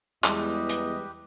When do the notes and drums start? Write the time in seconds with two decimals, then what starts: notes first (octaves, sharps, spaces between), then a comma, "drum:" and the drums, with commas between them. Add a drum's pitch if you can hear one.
0.24 E2 G3 G#3 G4 B4 D#5, drum: clap
0.69 drum: hi-hat